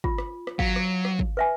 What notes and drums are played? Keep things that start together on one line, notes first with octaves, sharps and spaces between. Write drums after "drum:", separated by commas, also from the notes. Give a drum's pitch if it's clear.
F4, drum: kick
drum: rim click
drum: rim click
F#3 F5, drum: kick
drum: rim click
drum: rim click
drum: kick
B4 E5 G#5